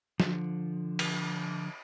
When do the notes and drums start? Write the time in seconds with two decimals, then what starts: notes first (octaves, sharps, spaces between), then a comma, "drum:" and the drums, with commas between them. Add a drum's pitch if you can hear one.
0.20 D3 F3, drum: snare
0.99 drum: cymbal